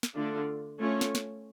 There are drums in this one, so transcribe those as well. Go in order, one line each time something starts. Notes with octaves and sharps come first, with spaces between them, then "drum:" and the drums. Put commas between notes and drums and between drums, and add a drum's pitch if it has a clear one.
drum: snare
D3 A3 D4 F4
A3 C#4 F4 C#5
drum: snare
drum: snare